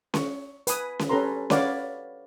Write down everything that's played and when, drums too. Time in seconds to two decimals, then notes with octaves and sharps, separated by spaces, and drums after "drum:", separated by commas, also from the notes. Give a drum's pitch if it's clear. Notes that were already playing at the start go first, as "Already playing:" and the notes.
0.14 C#6, drum: snare C#4
0.67 B4 G#5 D#6, drum: hi-hat
0.99 drum: snare C#4
1.09 C#4 G4 A4 B4 A#5 C6
1.50 B4 C#5 D5 F5 F#5, drum: snare C#4